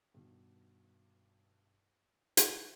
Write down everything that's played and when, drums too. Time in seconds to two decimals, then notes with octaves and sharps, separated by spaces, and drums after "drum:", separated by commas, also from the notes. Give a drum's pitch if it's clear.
0.14 G2 B2 D#3
2.37 drum: hi-hat